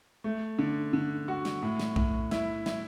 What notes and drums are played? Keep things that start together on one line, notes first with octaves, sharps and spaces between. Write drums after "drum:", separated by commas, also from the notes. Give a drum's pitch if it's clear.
A3
D3
D3
F#4
drum: snare
A2
drum: snare
A2, drum: kick A#1
E4, drum: snare
E4, drum: snare